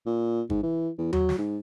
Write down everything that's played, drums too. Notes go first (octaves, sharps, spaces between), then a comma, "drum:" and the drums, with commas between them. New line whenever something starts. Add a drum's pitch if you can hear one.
A#2
G#2, drum: kick
E3
E2
F#3, drum: tom D#2
drum: snare
G#2